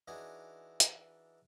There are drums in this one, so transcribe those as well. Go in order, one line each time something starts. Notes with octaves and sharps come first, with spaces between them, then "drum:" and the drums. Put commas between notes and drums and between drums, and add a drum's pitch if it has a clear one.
E3 D4 D#4 F#4 G#4
drum: hi-hat